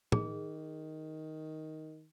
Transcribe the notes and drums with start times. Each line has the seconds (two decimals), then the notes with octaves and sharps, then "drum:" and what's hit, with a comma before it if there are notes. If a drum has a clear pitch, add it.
0.12 D#3 G#4, drum: tom